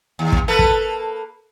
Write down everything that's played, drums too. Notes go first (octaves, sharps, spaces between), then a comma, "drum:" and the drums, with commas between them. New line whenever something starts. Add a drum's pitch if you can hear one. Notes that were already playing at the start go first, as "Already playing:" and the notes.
D#2
drum: kick
A#3 A4 B4
drum: kick